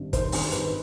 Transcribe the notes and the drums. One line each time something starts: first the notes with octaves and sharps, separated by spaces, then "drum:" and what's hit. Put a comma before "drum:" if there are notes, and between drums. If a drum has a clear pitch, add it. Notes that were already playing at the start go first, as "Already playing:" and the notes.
Already playing: G#1 G2
D#3 C5, drum: kick, hi-hat
G#1, drum: open hi-hat
G#1 B4, drum: hi-hat